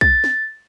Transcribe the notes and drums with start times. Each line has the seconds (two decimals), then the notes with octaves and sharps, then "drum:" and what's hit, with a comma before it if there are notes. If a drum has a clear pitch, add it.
0.01 A6, drum: kick
0.24 drum: snare